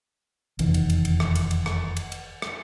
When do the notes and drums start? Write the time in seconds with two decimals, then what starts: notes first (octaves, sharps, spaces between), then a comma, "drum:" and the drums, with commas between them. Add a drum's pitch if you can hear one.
0.59 F1 E2 D#3, drum: cymbal
0.74 drum: cymbal
0.90 drum: cymbal
1.05 drum: cymbal
1.20 drum: rim click
1.35 drum: cymbal
1.51 drum: cymbal
1.66 drum: rim click
1.97 drum: cymbal
2.12 drum: cymbal
2.42 drum: rim click